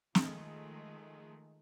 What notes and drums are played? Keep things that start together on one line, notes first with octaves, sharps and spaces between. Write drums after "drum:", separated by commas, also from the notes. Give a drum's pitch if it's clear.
D#3 F3 G#3 A3, drum: snare